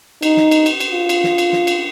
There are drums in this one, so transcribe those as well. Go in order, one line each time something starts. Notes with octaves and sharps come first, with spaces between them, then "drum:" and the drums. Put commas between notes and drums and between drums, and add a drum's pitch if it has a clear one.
D#4, drum: cymbal
drum: snare
drum: cymbal
drum: cymbal
drum: cymbal
F4
drum: cymbal
drum: snare
drum: cymbal
drum: snare
drum: cymbal